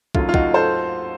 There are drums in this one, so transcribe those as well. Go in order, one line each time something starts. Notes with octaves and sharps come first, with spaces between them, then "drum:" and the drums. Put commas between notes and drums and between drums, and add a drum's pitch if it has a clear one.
D#2 C#3 F#3 A3 F4, drum: kick
F4
D#4 F#4, drum: kick
A4 C5